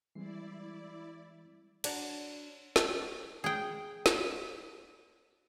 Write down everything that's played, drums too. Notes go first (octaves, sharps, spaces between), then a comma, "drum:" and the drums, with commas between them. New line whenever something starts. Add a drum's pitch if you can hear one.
E3 G3 G#3 C4 E4 D5 C7
D4 F#4 C#5 D5 A#5, drum: cymbal
drum: snare
G#4 G5
drum: snare